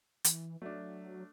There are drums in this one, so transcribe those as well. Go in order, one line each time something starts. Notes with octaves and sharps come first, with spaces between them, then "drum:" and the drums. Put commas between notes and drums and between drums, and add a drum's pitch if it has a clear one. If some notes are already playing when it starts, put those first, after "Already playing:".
E3, drum: hi-hat
F#3 A3 D4